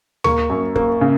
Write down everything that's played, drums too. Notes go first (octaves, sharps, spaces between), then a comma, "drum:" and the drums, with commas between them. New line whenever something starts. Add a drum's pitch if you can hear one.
A#3 C#6, drum: tom D2
F#2
A#3, drum: kick
C#3